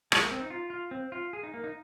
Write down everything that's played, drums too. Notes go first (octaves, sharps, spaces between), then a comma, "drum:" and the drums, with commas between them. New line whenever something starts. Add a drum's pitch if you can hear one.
G#3, drum: rim click
A#3
C4
D#4
F4
F4
C4
F4
G#4
D#4
A#3
D#4